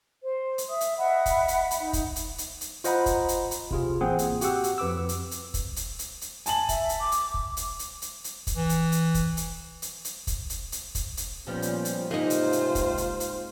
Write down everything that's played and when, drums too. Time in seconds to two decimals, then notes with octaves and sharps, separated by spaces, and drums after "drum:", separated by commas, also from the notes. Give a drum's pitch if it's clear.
0.23 C5
0.58 drum: hi-hat
0.69 E5 D#6
0.81 drum: hi-hat
0.96 D#5 E5 F#5 B5
1.26 drum: kick, hi-hat
1.48 drum: hi-hat
1.71 drum: hi-hat
1.80 D#4
1.93 drum: kick, hi-hat
2.16 drum: hi-hat
2.38 drum: hi-hat
2.61 drum: hi-hat
2.84 F4 C5 D#5 F#5 A#5 B5, drum: hi-hat
3.06 drum: kick, hi-hat
3.28 drum: hi-hat
3.51 drum: hi-hat
3.71 C3 F4 G#4, drum: kick
4.01 A1 A#3 C4 G#4 F#5
4.19 drum: hi-hat
4.41 F#4 G4 F#5 E6, drum: hi-hat
4.64 drum: hi-hat
4.78 F2 B4 D6 E6
5.09 drum: hi-hat
5.31 drum: hi-hat
5.54 drum: kick, hi-hat
5.76 drum: hi-hat
5.99 drum: hi-hat
6.21 drum: hi-hat
6.46 G#5 A5 F#7, drum: hi-hat
6.69 E5, drum: kick, hi-hat
6.89 drum: hi-hat
7.00 D6
7.12 drum: hi-hat
7.34 drum: kick
7.57 drum: hi-hat
7.79 drum: hi-hat
8.02 drum: hi-hat
8.24 drum: hi-hat
8.47 drum: kick, hi-hat
8.56 E3
8.69 drum: hi-hat
8.92 drum: hi-hat
9.14 drum: kick, hi-hat
9.37 drum: hi-hat
9.82 drum: hi-hat
10.05 drum: hi-hat
10.27 drum: kick, hi-hat
10.50 drum: hi-hat
10.72 drum: hi-hat
10.95 drum: kick, hi-hat
11.17 drum: hi-hat
11.47 A#2 F3 G3 B3 C#4 F4
11.62 drum: hi-hat
11.85 drum: hi-hat
12.11 C#2 G#2 C3 A#3 D#4 F4 C5
12.30 drum: hi-hat
12.52 drum: hi-hat
12.75 drum: kick, hi-hat
12.98 drum: hi-hat
13.20 drum: hi-hat